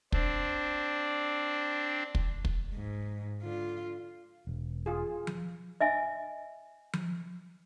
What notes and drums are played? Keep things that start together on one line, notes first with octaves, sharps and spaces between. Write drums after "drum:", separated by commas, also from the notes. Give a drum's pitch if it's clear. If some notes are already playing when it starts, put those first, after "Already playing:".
C4 D4, drum: kick
drum: kick
drum: kick
G#2
D3 F4
E1
F4 G#4
drum: tom F3
D#5 E5 G#5
drum: tom F3